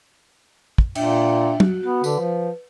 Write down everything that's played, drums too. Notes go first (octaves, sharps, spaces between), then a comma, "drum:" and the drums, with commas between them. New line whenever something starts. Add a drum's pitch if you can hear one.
drum: kick
A#2 D4 E5 G5, drum: cymbal
F#4, drum: tom
B3 F#4
D3 B4, drum: tambourine
F3